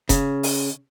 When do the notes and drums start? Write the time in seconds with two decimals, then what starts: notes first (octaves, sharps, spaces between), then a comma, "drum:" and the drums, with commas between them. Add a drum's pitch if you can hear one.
0.09 C#3, drum: kick F1, hi-hat
0.43 drum: open hi-hat